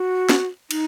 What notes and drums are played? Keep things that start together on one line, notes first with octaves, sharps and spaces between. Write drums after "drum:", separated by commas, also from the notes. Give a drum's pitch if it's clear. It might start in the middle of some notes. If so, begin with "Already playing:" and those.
Already playing: F#4
drum: snare
D#4, drum: cymbal